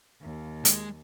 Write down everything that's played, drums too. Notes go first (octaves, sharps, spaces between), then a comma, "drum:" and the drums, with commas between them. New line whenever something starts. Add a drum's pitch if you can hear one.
D#2
G#3, drum: hi-hat